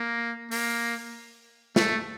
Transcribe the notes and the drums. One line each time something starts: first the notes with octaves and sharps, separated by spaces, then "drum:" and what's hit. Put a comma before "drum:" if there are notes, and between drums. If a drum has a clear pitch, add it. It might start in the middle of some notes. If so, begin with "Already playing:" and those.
Already playing: A#3
A#3, drum: open hi-hat
A3, drum: snare